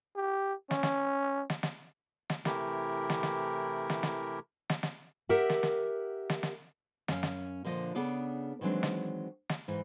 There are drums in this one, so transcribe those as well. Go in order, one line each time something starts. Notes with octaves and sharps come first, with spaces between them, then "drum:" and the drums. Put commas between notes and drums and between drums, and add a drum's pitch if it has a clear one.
G4
C#4, drum: snare
drum: snare
drum: snare
drum: snare
drum: snare
C3 E3 A3 E4 G4 A#4, drum: snare
drum: snare
drum: snare
drum: snare
drum: snare
drum: snare
drum: snare
G4 A#4 E5 F#5
drum: snare
drum: snare
drum: snare
drum: snare
F#2 C#4 F5, drum: snare
drum: snare
A#2 D3 F3 D#5
C#3 B3 D4 G#4 A4 D5
D#3 E3 F#3 G#3 C4 D4
drum: snare
drum: snare
G#2 E3